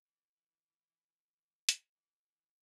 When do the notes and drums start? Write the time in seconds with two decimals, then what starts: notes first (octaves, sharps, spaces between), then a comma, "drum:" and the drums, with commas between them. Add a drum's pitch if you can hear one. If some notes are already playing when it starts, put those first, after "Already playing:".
0.07 E3
1.69 drum: hi-hat
1.96 E3